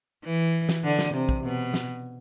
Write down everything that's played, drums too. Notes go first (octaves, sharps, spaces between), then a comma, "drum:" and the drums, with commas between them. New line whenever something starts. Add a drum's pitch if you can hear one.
E3
drum: snare
D3
drum: snare
C3
drum: kick
B2
drum: snare